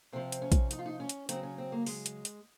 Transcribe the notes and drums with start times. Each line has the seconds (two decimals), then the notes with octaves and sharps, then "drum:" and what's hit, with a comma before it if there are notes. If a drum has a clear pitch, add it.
0.13 C3 F3 C4
0.32 drum: hi-hat
0.42 C#4
0.52 drum: kick A#1, hi-hat
0.71 D#4, drum: hi-hat
0.79 F4
0.86 D#4
1.00 C#4
1.09 drum: hi-hat
1.29 C#3 F#3 C4, drum: hi-hat
1.43 C#4
1.58 C4
1.72 A#3
1.86 G#3, drum: open hi-hat
2.06 drum: hi-hat
2.25 drum: hi-hat